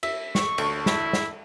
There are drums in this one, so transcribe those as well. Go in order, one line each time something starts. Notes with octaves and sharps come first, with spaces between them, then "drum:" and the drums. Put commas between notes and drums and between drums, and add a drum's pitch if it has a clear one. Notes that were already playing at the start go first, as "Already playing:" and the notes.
E5, drum: cymbal
C#6, drum: snare
D2, drum: cymbal
E4, drum: snare
drum: snare